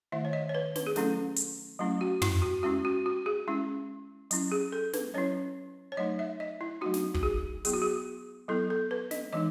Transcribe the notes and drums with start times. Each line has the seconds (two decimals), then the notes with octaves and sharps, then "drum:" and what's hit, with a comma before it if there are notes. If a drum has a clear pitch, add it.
0.12 D#3 A3 E4 E5
0.25 C#5
0.33 D#5
0.49 C#5
0.55 B4
0.76 B4, drum: snare
0.87 G#4
0.96 F#3 A3 C#4 E4 A4, drum: snare
1.36 drum: hi-hat
1.79 F#3 A3 C#4 E4
2.01 F#4
2.22 E4, drum: tom
2.42 F#4
2.63 G#3 C#4 E4 F#4
2.85 F#4
3.06 F#4
3.26 G#4
3.48 G#3 C#4 E4
4.31 F#3 C#4 E4, drum: hi-hat
4.52 G#4
4.72 A4
4.93 B4, drum: snare
5.14 F#3 C#4 E4 C#5
5.92 C#5
5.97 F#3 A3 D#4 D#5
6.19 E5
6.40 D#5
6.61 E4
6.81 F#3 A3 D#4 F#4
6.94 drum: snare
7.14 F#4, drum: kick
7.23 G#4
7.65 F#3 B3 E4 G#4, drum: hi-hat
7.73 F#4
7.82 G#4
8.48 F#3 B3 E4 A4
8.70 A4
8.91 B4
9.11 D#5, drum: snare
9.33 E3 G#3 D#4 D#5